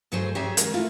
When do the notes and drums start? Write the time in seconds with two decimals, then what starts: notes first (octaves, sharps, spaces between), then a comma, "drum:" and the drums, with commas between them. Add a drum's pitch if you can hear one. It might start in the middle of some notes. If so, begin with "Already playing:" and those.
0.12 D2 G2 F#3 G#3 G#4 C5
0.35 F#3 C4 G4 G#4 C#5 E5
0.57 D#3 F3 G#3 A#4, drum: hi-hat
0.74 A3 E4 F4